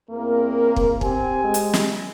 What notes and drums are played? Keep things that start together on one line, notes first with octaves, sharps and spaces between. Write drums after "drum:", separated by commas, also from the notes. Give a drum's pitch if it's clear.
E2 A#3 C4 A#4
drum: kick
C4 G4 G#5, drum: kick
G#3
drum: hi-hat
drum: snare